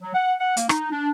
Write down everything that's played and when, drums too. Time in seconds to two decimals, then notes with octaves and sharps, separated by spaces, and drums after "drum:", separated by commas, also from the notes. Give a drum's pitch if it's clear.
0.02 F#3
0.15 F#5
0.40 F#5
0.57 A#3, drum: hi-hat
0.69 D#4, drum: rim click
0.92 D4